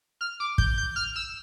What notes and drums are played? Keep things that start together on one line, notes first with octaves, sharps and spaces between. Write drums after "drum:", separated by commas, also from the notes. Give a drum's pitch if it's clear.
F6
D6
G6, drum: kick
G6
F6
E6